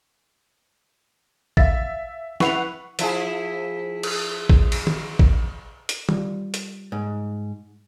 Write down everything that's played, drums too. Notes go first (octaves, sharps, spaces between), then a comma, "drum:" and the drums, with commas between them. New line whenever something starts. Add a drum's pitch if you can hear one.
E5 F5 A6, drum: kick
E4 B4 F#5 C#6 C7 F7, drum: snare
F3 E4 G#4, drum: hi-hat
drum: cymbal
drum: kick
drum: cymbal
drum: tom
drum: kick
drum: hi-hat
G3 F4, drum: tom
drum: hi-hat
G#2